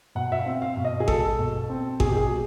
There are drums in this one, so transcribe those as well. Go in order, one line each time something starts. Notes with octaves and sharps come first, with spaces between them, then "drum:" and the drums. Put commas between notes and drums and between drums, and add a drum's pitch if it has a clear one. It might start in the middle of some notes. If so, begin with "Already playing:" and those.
B2 F#5
E5
F5
C4
F5
B2
D#5
G#4
G#3 A4, drum: kick G#1
B2
C4
B2 G#4, drum: kick G#1
G4
G#4
G#3